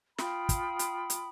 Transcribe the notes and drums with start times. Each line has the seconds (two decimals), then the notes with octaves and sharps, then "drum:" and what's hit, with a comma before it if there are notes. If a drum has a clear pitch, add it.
0.19 F4 G5 B5 D#6, drum: snare
0.49 drum: kick, hi-hat
0.79 drum: hi-hat
1.10 drum: hi-hat